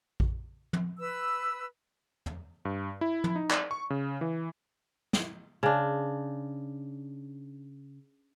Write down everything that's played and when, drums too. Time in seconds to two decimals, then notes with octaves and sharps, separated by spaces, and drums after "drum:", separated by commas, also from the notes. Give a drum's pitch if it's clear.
0.20 drum: kick A#1
0.73 drum: tom
0.98 B4 E6
2.26 drum: tom
2.65 G2
3.01 E4
3.24 drum: tom
3.36 D#4
3.51 D5, drum: clap
3.71 C#6
3.90 C#3
4.21 E3
5.13 drum: snare
5.63 C#3 D4